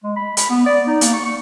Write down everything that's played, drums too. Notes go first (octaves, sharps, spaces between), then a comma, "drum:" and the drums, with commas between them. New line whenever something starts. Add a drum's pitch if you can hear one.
G#3
B5
B5, drum: hi-hat
B3
D5
D#4
A#3, drum: hi-hat
C#6
C#6